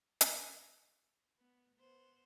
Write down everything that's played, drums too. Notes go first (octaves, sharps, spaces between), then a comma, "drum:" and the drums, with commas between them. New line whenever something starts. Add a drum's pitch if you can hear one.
drum: hi-hat
B3
B3 C5